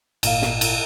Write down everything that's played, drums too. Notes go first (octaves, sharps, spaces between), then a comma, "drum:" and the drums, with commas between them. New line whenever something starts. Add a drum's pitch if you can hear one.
G#1 A#2 F5, drum: cymbal
drum: snare
drum: cymbal